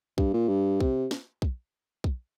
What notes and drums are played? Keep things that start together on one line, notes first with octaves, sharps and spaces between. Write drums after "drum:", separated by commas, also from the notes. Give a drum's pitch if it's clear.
G2, drum: kick
A#2
G2
C3, drum: kick
drum: snare
drum: kick
drum: kick